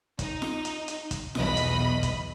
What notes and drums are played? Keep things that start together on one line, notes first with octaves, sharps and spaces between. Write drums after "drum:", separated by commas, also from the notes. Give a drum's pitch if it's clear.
D#4, drum: kick, hi-hat
drum: snare F4
drum: hi-hat
drum: hi-hat
drum: kick, hi-hat
B1 E2 D#5 B5, drum: snare F4
drum: hi-hat
drum: kick, hi-hat